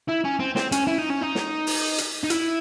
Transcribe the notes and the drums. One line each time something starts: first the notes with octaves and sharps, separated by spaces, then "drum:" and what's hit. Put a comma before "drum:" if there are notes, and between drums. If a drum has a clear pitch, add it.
E4
C#4
C4
C4, drum: snare
C#4, drum: hi-hat
E4
D#4
C#4
D#4
drum: snare
drum: open hi-hat
drum: hi-hat
D#4
E4, drum: hi-hat